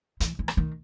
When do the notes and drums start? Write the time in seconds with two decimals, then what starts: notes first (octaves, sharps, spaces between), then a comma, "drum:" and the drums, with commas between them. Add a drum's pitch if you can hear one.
0.20 E3, drum: hi-hat
0.39 E3
0.48 drum: rim click
0.57 D#3